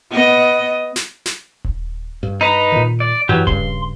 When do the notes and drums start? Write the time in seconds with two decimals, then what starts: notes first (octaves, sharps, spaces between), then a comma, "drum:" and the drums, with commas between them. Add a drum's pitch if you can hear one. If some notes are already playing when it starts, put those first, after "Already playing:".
0.11 B3 D#5
0.96 drum: snare
1.26 drum: snare
1.64 drum: kick D#1
2.23 G2
2.41 D#4 B4 A#5
2.72 A#2 D#3
3.00 D5
3.29 E3 F#3 G4, drum: tom F#2
3.47 G2 C#3 C6, drum: kick D#1